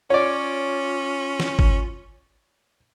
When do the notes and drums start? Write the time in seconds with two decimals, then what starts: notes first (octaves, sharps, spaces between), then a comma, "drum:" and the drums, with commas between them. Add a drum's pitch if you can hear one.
0.10 C#4 F4 C#5 D5
1.40 drum: snare
1.59 drum: kick